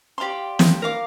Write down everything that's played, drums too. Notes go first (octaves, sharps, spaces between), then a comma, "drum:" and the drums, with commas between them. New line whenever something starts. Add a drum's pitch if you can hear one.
G4 D5 F5 C6
drum: snare
A#4 F5 D6